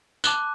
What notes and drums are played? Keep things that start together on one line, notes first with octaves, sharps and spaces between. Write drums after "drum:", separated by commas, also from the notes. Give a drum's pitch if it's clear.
A5 D6 F#6, drum: tambourine